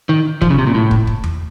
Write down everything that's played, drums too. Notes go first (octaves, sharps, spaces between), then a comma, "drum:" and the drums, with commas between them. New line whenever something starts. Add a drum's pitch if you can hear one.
D#3
F3, drum: kick
C#3
C3
A#2
A2
drum: kick
drum: kick
drum: tom E2